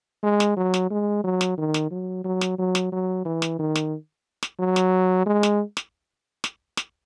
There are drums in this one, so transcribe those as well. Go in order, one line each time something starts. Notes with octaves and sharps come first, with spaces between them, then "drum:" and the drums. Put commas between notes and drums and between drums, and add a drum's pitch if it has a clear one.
G#3
drum: snare
F#3
drum: snare
G#3
F#3
drum: snare
D#3
drum: snare
F#3
F#3
drum: snare
F#3
drum: snare
F#3
E3
drum: snare
D#3
drum: snare
drum: snare
F#3
drum: snare
G#3
drum: snare
drum: snare
drum: snare
drum: snare